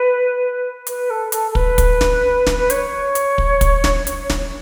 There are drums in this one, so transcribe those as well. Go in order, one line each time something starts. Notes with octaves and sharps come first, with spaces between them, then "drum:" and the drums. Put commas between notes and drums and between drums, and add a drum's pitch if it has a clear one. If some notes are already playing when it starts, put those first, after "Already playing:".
Already playing: B4
B4, drum: hi-hat
A4
A4, drum: hi-hat
A4
B4, drum: kick
drum: kick, hi-hat
drum: snare
drum: snare
B4
C#5, drum: hi-hat
drum: hi-hat
drum: kick
drum: kick, hi-hat
drum: snare
drum: hi-hat
drum: snare